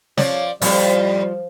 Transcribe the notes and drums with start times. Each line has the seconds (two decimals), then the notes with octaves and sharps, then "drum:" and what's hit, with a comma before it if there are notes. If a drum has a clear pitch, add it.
0.17 F3 C#5 D5, drum: snare
0.62 F2 A2 F3 G3 D5, drum: open hi-hat